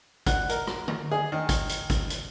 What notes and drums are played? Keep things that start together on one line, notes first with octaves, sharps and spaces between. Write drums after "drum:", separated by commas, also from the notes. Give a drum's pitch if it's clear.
F#5, drum: kick, hi-hat
A#4, drum: hi-hat
drum: rim click
drum: tom
G#4
D#3
drum: kick, hi-hat
drum: hi-hat
drum: kick, hi-hat
drum: hi-hat